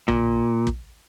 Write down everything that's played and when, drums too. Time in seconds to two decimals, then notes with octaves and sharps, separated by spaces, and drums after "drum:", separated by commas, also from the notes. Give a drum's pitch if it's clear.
0.08 A#2, drum: tom A#1
0.67 drum: kick